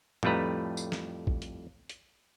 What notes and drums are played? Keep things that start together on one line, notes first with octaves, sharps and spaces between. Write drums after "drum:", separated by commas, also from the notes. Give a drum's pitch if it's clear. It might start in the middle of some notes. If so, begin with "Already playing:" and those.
F2 A2 G3 A3 B4 A#5, drum: tom
drum: tambourine
drum: snare
drum: kick A1
drum: hi-hat
drum: hi-hat